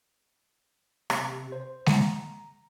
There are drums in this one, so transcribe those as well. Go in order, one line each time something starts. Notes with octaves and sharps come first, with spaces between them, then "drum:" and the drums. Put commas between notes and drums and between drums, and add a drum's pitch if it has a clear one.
C3, drum: rim click
C5
A#5, drum: snare G#3